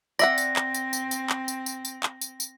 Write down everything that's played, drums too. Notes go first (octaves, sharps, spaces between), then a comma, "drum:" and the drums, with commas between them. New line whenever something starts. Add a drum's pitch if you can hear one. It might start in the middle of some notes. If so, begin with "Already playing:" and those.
C4 D5 E5 F#5 A#6, drum: tambourine
drum: tambourine
drum: clap
drum: tambourine
drum: tambourine
drum: tambourine
drum: clap
drum: tambourine
drum: tambourine
drum: tambourine
drum: clap
drum: tambourine
drum: tambourine